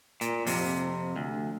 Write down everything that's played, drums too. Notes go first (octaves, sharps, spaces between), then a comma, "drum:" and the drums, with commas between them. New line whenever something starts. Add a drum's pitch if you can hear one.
A#2, drum: hi-hat
F2 C3, drum: open hi-hat
D2